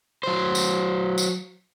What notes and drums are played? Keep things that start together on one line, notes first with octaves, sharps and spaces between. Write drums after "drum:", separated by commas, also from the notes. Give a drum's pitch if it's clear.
F#3 C5
drum: tambourine
drum: tambourine